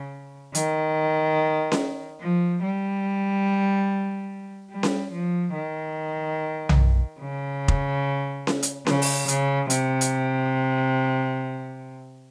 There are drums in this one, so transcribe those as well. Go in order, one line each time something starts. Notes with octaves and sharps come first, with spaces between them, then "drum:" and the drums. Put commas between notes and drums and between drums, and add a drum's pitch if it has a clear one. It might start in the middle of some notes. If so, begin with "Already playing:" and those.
Already playing: C#3
D#3, drum: hi-hat
drum: snare C#4
F3
G3
G3
drum: snare C#4
F3
D#3
drum: tom B1
C#3
drum: kick F1
drum: snare C#4
drum: hi-hat
C#3, drum: snare C#4
drum: open hi-hat
C#3, drum: hi-hat
C3, drum: hi-hat
drum: hi-hat